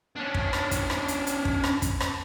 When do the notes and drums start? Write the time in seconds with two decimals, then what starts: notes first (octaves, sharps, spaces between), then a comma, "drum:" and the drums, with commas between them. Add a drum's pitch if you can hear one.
0.16 C#4 D4
0.34 drum: kick
0.53 drum: rim click
0.71 drum: kick, hi-hat
0.90 drum: rim click
1.08 drum: hi-hat
1.27 drum: hi-hat
1.45 drum: kick
1.64 drum: rim click
1.82 drum: kick, hi-hat
2.00 drum: rim click